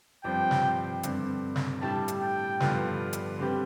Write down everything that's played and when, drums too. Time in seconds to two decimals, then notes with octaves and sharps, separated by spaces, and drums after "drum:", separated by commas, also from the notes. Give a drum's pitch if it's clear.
0.24 G2 F3 C4 G4 C5 G5
0.51 drum: snare
1.03 G2 D3 G3 C4, drum: hi-hat
1.56 drum: snare
1.81 A2 G3 D4 G4 A5
2.08 drum: hi-hat
2.21 G5
2.60 G2 D3 F3 B3 F4, drum: snare
3.13 drum: hi-hat
3.39 D3 G3 C4 G4 B4